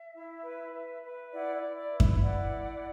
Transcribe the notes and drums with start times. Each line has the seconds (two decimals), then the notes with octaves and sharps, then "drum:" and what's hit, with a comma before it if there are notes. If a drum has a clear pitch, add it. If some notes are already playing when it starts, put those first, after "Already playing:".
Already playing: E5
0.14 E4
0.44 B4
0.73 B4
1.03 B4
1.32 E4 D5 F#5
1.55 D5
1.63 E4
1.77 D5
1.92 B4
2.00 E5, drum: kick F#2
2.22 E4 D5 F#5
2.51 E4